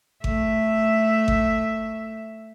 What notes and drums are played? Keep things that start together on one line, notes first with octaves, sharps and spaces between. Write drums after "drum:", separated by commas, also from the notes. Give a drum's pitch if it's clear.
A3 E5, drum: kick G#1
drum: kick G#1